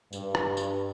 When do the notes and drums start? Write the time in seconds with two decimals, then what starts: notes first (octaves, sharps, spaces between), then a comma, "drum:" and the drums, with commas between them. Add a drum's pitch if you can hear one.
0.13 G2, drum: tambourine
0.35 drum: rim click
0.57 drum: tambourine